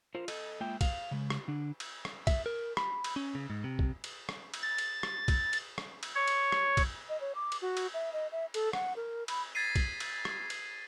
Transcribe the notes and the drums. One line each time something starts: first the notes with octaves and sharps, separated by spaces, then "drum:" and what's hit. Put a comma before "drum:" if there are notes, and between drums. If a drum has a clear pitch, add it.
F4 A#4 C5
A4 D#5, drum: cymbal
G#3 A#3 F4 E5 G5
F5, drum: kick, cymbal
C#3 G#3
drum: rim click
D3 D4
drum: cymbal
drum: rim click
E5, drum: kick, cymbal
A#4
B5, drum: rim click
drum: cymbal
C#4
C#3
G#2
C3
drum: kick
drum: cymbal
drum: rim click
drum: cymbal
A6
drum: cymbal
drum: rim click
drum: kick, cymbal
drum: cymbal
drum: rim click
drum: cymbal
C#5
drum: cymbal
drum: rim click
drum: kick, cymbal
D#5
C#5
D6
drum: cymbal
F#4
drum: cymbal
E5
D#5
E5
A4, drum: cymbal
F#5, drum: rim click
A#4
B5, drum: cymbal
G#6 A6 B6 C7 D#7
drum: kick, cymbal
drum: cymbal
drum: rim click
drum: cymbal